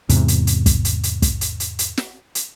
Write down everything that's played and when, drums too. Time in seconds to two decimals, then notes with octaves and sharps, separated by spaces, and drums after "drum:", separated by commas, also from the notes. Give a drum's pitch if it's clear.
0.09 E2 G#2 C3, drum: hi-hat
0.28 drum: hi-hat
0.47 drum: hi-hat
0.66 drum: kick, hi-hat
0.85 drum: hi-hat
1.03 drum: hi-hat
1.22 drum: kick, hi-hat
1.41 drum: hi-hat
1.60 drum: hi-hat
1.79 drum: hi-hat
1.97 drum: snare
2.35 drum: hi-hat